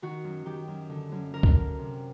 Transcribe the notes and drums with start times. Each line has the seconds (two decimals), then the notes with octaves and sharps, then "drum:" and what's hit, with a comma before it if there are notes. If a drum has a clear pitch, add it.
0.02 D#3 F#4
0.24 F#2
0.46 D#3 G4
0.68 F#2
0.89 D3
1.12 F#2
1.34 D3 A#4
1.43 drum: kick
1.56 F#2
1.78 C3